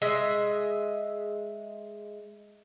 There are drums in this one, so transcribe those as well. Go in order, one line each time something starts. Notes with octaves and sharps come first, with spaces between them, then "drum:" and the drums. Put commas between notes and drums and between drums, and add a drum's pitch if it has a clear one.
G#3 D#5 E5, drum: open hi-hat